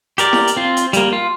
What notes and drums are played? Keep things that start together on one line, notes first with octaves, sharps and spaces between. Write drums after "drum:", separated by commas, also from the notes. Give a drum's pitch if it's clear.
G4 A#4 D5, drum: hi-hat
drum: snare E4
drum: hi-hat
C4 F4
drum: hi-hat
G3 A#3, drum: hi-hat
F4